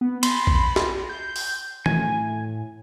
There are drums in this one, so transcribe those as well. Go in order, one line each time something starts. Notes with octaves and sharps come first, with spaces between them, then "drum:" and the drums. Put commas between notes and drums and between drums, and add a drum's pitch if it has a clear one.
B3
B5 C6, drum: cymbal
drum: kick A#1
drum: snare
G6
drum: open hi-hat
A2 G#5, drum: tom